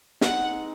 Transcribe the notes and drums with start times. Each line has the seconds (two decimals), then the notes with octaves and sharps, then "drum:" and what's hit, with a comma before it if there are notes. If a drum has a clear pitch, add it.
0.21 E3 G#3 C4 D#4 F#5, drum: snare